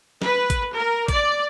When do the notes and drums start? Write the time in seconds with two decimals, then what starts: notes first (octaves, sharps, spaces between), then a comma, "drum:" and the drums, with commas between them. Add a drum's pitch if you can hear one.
0.22 B4, drum: snare
0.50 drum: kick A1, hi-hat
0.74 A#4
1.08 D5, drum: kick A1, hi-hat